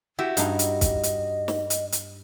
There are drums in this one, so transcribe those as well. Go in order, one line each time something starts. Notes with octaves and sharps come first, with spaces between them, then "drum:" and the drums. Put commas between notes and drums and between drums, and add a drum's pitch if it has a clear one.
E4 F#4 G4 E5
G2 D#4 D#5, drum: hi-hat
drum: hi-hat
drum: kick, hi-hat
drum: hi-hat
drum: snare
drum: hi-hat
drum: hi-hat